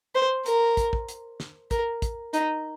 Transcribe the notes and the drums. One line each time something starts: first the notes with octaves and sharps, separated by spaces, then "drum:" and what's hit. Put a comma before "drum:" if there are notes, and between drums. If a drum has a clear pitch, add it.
C5
A#4, drum: hi-hat
drum: kick, hi-hat
drum: kick
drum: hi-hat
drum: snare
A#4, drum: kick, hi-hat
drum: kick, hi-hat
D#4, drum: hi-hat